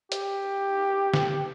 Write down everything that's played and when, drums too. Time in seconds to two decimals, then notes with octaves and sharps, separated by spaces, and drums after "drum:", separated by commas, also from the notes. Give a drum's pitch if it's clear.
0.12 G4, drum: hi-hat
1.14 drum: snare